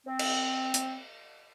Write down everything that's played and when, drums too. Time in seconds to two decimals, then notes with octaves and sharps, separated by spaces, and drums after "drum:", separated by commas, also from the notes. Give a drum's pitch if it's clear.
0.06 C4
0.19 drum: cymbal
0.74 drum: hi-hat